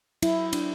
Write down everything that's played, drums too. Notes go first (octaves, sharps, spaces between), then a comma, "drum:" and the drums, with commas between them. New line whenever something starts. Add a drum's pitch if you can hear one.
F#3 E4, drum: cymbal
D4, drum: cymbal